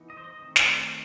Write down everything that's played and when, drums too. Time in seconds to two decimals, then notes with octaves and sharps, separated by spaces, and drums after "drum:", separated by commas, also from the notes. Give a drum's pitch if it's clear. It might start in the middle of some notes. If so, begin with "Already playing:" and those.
Already playing: E3 B3 D#4
0.10 D#5
0.17 C5
0.24 D#5
0.39 D#3 A3 C4
0.56 drum: snare